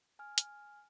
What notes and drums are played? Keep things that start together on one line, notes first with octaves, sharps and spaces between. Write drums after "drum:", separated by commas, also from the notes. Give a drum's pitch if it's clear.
G#5 F6
drum: hi-hat